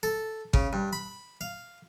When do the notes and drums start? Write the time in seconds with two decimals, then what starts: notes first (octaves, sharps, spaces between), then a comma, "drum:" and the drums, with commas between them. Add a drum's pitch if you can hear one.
0.03 A4
0.53 C#3, drum: kick G#1
0.73 G2
0.93 B5
1.41 F5